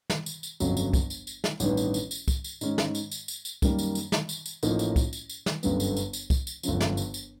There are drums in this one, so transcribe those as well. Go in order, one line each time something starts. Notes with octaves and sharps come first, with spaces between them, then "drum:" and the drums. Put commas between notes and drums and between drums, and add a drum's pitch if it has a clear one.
drum: snare
drum: tambourine
drum: tambourine
G1 F2 C#3 F#3, drum: tambourine
drum: tambourine
drum: kick, tambourine
drum: tambourine
drum: tambourine
drum: snare
A1 G2 D#3 G3 B3, drum: tambourine
drum: tambourine
drum: tambourine
drum: tambourine
drum: kick, tambourine
drum: tambourine
G#2 D#3 G#3 C#4, drum: tambourine
drum: snare
drum: tambourine
drum: tambourine
drum: tambourine
drum: tambourine
F#2 D#3 G3 A#3, drum: kick, tambourine
drum: tambourine
drum: tambourine
drum: snare
drum: tambourine
drum: tambourine
A1 A2 F3 A#3 D#4, drum: tambourine
drum: tambourine
drum: kick, tambourine
drum: tambourine
drum: tambourine
drum: snare
G1 F#2 D3 G3 B3, drum: tambourine
drum: tambourine
drum: tambourine
drum: tambourine
drum: kick, tambourine
drum: tambourine
G1 F#2 C#3 F3, drum: tambourine
drum: snare
drum: tambourine
drum: tambourine